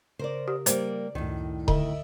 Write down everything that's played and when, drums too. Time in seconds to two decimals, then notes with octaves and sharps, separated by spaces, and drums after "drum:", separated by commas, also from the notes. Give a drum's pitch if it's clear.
0.19 C#3 A#4 C5 D5
0.48 G4
0.66 G3 A#3 C5 D5, drum: hi-hat
1.15 C#2 F#2 A2 D#3
1.68 D3 D#5 E5, drum: kick D#1